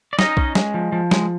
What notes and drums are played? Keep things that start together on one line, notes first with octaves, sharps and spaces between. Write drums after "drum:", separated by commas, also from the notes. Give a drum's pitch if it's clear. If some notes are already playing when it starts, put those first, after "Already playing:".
D5
C#4 D#4 D#5, drum: snare
C#4, drum: kick B1
G#3, drum: snare
F3
F3
G#3, drum: snare